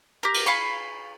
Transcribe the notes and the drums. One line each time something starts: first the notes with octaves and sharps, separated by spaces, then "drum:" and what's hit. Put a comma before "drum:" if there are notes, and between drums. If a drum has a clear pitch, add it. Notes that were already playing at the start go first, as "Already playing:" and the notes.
G4 A#4
drum: cymbal
F5 G#5 B5 C#6